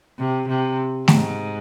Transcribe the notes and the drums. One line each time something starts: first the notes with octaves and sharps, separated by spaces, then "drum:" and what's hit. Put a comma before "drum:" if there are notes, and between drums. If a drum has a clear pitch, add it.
C3
C3
G#2, drum: snare A3